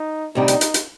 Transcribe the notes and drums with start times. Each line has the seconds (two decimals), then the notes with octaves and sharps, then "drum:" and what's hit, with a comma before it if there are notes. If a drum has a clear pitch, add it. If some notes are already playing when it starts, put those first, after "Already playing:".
Already playing: D#4
0.35 D2 C3 G3 D#4
0.48 drum: hi-hat
0.61 drum: hi-hat
0.74 drum: hi-hat